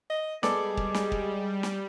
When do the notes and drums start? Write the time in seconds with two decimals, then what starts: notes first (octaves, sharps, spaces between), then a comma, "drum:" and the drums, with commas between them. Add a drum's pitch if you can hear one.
0.10 D#5
0.43 G3 G#3 B3 G#4 A4 D5, drum: snare
0.77 drum: kick
0.94 drum: snare
1.12 drum: kick
1.63 drum: snare